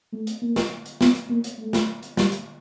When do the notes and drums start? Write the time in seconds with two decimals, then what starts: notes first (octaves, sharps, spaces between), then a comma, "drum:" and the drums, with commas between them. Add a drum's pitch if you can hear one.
0.13 A3
0.27 drum: hi-hat
0.42 A#3
0.56 drum: snare
0.86 drum: hi-hat
1.01 B3, drum: snare
1.15 drum: hi-hat
1.30 A#3
1.44 drum: hi-hat
1.59 A3
1.73 drum: snare
2.03 drum: hi-hat
2.17 G3, drum: snare
2.32 drum: hi-hat